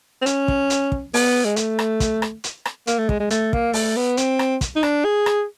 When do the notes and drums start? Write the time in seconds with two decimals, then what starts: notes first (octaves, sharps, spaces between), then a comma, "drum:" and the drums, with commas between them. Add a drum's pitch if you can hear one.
0.21 C4
0.26 C#4, drum: hi-hat
0.48 drum: kick
0.70 drum: hi-hat
0.92 drum: kick
1.14 B3, drum: open hi-hat
1.45 G#3
1.56 A3, drum: hi-hat
1.79 drum: rim click
2.00 drum: kick, hi-hat
2.22 drum: rim click
2.44 drum: hi-hat
2.65 drum: rim click
2.87 A#3, drum: hi-hat
2.98 A3
3.09 G#3, drum: kick
3.20 G#3
3.30 A3, drum: hi-hat
3.53 A#3, drum: kick
3.73 A3, drum: open hi-hat
3.96 B3
4.17 C4, drum: hi-hat
4.39 drum: rim click
4.61 drum: kick, hi-hat
4.76 D#4
4.83 D4, drum: rim click
5.05 G#4
5.26 drum: rim click